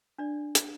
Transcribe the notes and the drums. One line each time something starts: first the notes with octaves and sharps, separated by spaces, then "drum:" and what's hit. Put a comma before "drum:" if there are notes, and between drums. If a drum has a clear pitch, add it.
D4 D5
drum: hi-hat